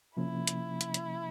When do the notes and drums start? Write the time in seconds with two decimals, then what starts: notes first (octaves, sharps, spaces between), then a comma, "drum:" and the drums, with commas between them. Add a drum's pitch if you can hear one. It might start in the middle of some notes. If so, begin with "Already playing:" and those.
0.17 C3 F3 A#3 C#4 E4
0.47 drum: hi-hat
0.81 drum: hi-hat
0.94 drum: hi-hat